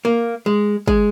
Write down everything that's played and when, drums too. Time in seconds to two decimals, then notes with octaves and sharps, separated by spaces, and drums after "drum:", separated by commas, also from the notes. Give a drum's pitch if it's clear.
0.05 A#3
0.46 G#3
0.88 G#3, drum: kick